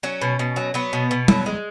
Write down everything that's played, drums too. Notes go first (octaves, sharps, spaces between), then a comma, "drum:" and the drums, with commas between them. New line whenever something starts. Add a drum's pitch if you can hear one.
F#3 C#4
B2
B2
F#3
F#3 B3
B2
B2
F#3, drum: tom G3
G#3